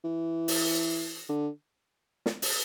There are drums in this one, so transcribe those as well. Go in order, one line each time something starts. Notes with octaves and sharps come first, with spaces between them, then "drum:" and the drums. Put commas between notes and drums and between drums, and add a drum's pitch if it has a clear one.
E3
drum: open hi-hat
D3
drum: snare
drum: open hi-hat